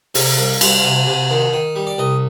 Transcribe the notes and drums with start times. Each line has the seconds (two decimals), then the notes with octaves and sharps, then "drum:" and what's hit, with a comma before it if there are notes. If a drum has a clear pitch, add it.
0.15 C3 F5, drum: open hi-hat
0.37 C2
0.61 G3, drum: cymbal
0.84 C3
1.07 C3
1.30 D#3
1.53 D#3
1.76 G3
1.87 D5
1.98 C2 D#5